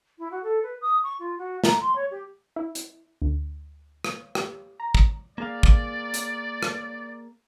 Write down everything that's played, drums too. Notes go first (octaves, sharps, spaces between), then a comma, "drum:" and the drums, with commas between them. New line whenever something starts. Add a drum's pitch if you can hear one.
E4
F#4
A4
B4
D#6
C#6
F4
F#4
A#5, drum: snare
C6
C#5
G4
E4
drum: hi-hat
D2
drum: rim click
G4, drum: rim click
A#5
drum: kick
A#3 G#4 D5 F5
drum: kick
drum: hi-hat
drum: rim click